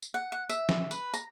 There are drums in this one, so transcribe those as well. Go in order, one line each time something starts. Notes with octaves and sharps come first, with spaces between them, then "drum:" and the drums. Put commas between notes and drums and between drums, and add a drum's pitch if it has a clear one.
drum: tambourine
F#5
F#5
E5, drum: tambourine
drum: snare
B4, drum: tambourine
A#5, drum: tambourine